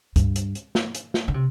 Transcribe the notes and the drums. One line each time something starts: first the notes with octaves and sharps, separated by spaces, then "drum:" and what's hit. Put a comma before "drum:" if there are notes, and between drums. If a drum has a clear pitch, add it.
G2, drum: kick C#2, hi-hat
drum: hi-hat
drum: hi-hat
drum: snare
drum: hi-hat
drum: snare
D3
C3